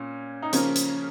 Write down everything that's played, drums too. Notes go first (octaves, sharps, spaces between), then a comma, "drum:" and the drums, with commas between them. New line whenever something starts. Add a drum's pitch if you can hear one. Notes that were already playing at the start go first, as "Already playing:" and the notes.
Already playing: A#2 C#4
D#4
C#3 F3 A#3 C#4, drum: hi-hat
drum: hi-hat